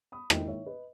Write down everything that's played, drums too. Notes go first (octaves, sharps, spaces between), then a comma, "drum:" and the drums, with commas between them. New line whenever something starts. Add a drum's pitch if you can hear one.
B5 D#6
G#2 D#3 A#3 E4 D#5 G5, drum: rim click
C#5 E5
B4 D#5